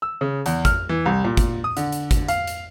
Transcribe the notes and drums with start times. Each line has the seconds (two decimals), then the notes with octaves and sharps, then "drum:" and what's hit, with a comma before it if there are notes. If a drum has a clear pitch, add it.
0.02 E6
0.21 C#3
0.46 E2, drum: hi-hat
0.65 F6, drum: kick, hi-hat
0.89 E3
1.06 C2
1.25 A#2
1.37 drum: kick, hi-hat
1.64 D#6
1.77 D3, drum: hi-hat
1.92 drum: hi-hat
2.11 drum: kick, hi-hat
2.28 F5, drum: hi-hat
2.47 drum: hi-hat